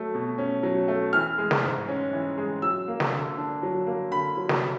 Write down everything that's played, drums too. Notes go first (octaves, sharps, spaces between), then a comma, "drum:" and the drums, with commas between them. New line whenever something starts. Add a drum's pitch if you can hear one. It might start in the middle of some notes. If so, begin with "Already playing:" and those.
Already playing: F#3 A3
B2
C#4
F#3
A3
E3 F6
G#3
drum: snare
G#2
C#4
E3
G#3
F#3 E6
A#3
drum: snare
D3
D4
F#3
A#3
D3 B5
F#3
drum: snare